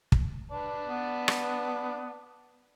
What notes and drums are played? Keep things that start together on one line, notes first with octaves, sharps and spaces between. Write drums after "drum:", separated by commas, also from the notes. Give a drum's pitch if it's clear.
drum: kick
B4 D5 A5
B3
drum: rim click